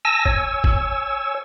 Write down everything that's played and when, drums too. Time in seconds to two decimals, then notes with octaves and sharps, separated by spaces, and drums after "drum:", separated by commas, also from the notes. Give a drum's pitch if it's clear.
0.05 G#5 A5 E6 A#6
0.26 C#5 G#5 E6, drum: kick G#1
0.64 drum: kick G#1